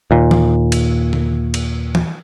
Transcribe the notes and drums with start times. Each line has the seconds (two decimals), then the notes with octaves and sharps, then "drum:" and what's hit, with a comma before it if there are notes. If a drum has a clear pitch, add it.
0.11 D#2 A#2
0.31 drum: tom E3
0.72 drum: cymbal
1.13 drum: tom D3
1.54 drum: cymbal
1.95 drum: tom E3